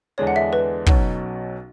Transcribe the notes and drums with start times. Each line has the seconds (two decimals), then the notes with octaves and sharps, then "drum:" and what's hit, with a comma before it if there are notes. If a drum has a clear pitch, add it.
0.18 E2 D3 G#3 D4 C#5
0.27 F#5
0.36 E5
0.53 B4
0.86 B1 B2 F#3 C#4, drum: kick